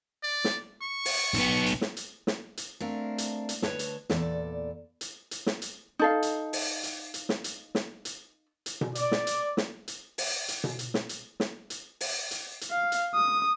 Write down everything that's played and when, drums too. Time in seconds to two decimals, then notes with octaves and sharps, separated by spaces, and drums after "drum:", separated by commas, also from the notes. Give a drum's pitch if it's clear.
0.23 D5
0.45 drum: snare
0.81 C#6
1.05 drum: open hi-hat
1.34 B1 B3, drum: hi-hat
1.66 drum: hi-hat
1.81 drum: snare
1.97 drum: hi-hat
2.27 drum: snare
2.57 drum: hi-hat
2.80 A3 C4 D4 A#4 F5
3.18 drum: hi-hat
3.49 drum: hi-hat
3.62 D2 B4 C#5 A5, drum: snare
3.79 drum: hi-hat
4.10 E2 A#2 A4 D5, drum: snare
5.01 drum: hi-hat
5.31 drum: hi-hat
5.46 drum: snare
5.62 drum: hi-hat
5.99 D#4 A4 F5
6.23 drum: hi-hat
6.53 drum: open hi-hat
6.83 drum: hi-hat
7.14 drum: hi-hat
7.29 drum: snare
7.44 drum: hi-hat
7.75 drum: snare
8.05 drum: hi-hat
8.66 drum: hi-hat
8.81 drum: tom B2
8.95 D5, drum: hi-hat
9.12 drum: snare
9.27 drum: hi-hat
9.57 drum: snare
9.88 drum: hi-hat
10.18 drum: open hi-hat
10.48 drum: hi-hat
10.64 drum: tom B2
10.79 drum: hi-hat
10.94 drum: snare
11.09 drum: hi-hat
11.40 drum: snare
11.70 drum: hi-hat
12.01 drum: open hi-hat
12.31 drum: hi-hat
12.61 drum: hi-hat
12.71 F5
12.92 drum: hi-hat
13.15 D#6